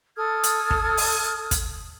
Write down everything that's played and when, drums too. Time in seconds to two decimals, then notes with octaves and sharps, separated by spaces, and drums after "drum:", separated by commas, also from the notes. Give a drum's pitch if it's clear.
0.17 A4 D#6 F6 G#6
0.44 drum: hi-hat
0.71 drum: kick
0.97 drum: open hi-hat
1.51 drum: kick, hi-hat